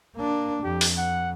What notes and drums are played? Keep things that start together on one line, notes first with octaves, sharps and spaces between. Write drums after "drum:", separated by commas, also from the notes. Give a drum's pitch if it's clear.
A#3 D4
F2 G4
drum: open hi-hat
F#5